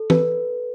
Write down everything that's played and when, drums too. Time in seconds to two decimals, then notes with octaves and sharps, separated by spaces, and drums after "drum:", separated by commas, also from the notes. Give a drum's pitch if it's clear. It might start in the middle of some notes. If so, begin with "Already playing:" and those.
Already playing: A4
0.10 B4, drum: tom